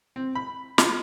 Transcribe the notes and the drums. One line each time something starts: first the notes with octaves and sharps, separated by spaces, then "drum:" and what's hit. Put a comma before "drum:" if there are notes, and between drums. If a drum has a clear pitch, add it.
C4
B5
F4, drum: snare